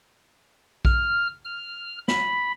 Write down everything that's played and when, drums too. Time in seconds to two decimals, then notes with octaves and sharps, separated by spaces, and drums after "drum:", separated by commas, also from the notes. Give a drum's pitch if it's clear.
0.85 F6, drum: kick A#1
1.45 F6
2.08 B5, drum: snare